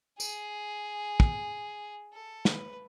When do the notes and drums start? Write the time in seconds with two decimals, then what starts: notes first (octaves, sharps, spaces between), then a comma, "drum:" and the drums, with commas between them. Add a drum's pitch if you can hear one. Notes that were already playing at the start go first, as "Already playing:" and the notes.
0.20 G#4, drum: tambourine
1.20 drum: kick
2.13 A4
2.45 B4, drum: snare